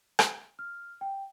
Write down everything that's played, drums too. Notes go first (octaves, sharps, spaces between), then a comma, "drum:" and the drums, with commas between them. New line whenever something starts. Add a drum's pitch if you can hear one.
drum: rim click
F6
G5